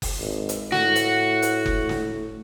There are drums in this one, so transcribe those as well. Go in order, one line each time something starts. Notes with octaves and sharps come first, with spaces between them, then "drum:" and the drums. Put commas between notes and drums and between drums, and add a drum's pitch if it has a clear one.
drum: kick F#1, open hi-hat
G#1
drum: hi-hat
A2 F#4, drum: snare
drum: hi-hat
drum: hi-hat
drum: kick F#1
drum: snare